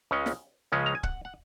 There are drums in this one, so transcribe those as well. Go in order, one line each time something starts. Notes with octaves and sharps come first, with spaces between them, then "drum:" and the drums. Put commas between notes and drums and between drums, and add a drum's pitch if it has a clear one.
C#2 C#3 G#3 C#4
drum: snare
C#2 C#3 F3 G#3 C#4
A#5
G#5
F#5, drum: kick C#1
F#5